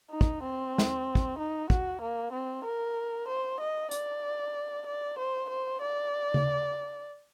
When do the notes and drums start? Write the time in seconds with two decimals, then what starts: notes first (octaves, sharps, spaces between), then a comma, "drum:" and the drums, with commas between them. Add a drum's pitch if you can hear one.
0.10 D#4
0.21 drum: kick
0.43 C4
0.78 drum: snare
1.15 drum: kick
1.38 D#4
1.70 F#4, drum: kick
2.01 A#3
2.32 C4
2.64 A#4
3.28 C5
3.60 D#5
3.91 D5, drum: hi-hat
4.87 D5
5.19 C5
5.50 C5
5.81 D5
6.34 drum: tom C#3